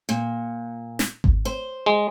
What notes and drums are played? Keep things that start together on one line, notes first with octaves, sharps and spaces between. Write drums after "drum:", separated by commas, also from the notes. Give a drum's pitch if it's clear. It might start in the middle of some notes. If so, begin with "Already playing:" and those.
A#2
drum: snare
drum: kick G#1
C5
G#3